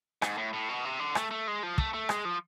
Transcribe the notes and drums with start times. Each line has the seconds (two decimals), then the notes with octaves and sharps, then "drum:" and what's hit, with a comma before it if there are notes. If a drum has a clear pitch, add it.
0.22 G#2, drum: rim click
0.38 A2
0.53 A2
0.69 B2
0.85 C3
0.99 D3
1.15 A3, drum: rim click
1.31 A3
1.47 G#3
1.63 F3
1.78 A3, drum: kick
1.94 A3
2.09 G#3, drum: rim click
2.25 F3